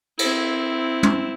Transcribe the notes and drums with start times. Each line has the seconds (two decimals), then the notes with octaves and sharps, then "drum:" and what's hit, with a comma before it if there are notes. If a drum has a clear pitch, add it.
0.19 C4 E4, drum: cymbal
1.03 drum: tom